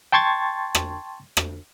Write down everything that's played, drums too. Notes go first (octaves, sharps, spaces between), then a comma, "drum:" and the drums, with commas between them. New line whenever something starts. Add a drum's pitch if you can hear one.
G5 A5 C6 C#6 G#6 A6
drum: rim click
drum: rim click